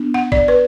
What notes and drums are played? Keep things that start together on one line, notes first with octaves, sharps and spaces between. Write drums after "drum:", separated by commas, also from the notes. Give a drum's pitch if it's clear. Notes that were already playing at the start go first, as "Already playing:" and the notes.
Already playing: B3 D4
F#5
D5, drum: kick
B4